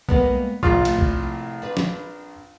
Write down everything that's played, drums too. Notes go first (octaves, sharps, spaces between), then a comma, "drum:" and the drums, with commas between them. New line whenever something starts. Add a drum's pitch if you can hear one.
G3 G#3 A#3 B3, drum: kick B1
A#1 A2 C3 F4 D5, drum: kick B1
drum: cymbal
drum: kick B1
D4 B4
drum: snare